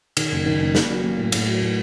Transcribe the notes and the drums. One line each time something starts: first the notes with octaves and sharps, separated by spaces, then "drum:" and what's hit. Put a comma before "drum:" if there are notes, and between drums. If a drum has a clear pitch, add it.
D#3, drum: cymbal
F#1
D#3
F#1
A#3, drum: snare
F#3
A#3
A2
A2, drum: cymbal
F#3
A2